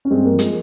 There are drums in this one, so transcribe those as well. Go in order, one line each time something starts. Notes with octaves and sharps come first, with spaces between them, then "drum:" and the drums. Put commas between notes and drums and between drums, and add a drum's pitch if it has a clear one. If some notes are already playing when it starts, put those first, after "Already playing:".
C#4
G2 G#3 C4
A#3
F3
G#3, drum: hi-hat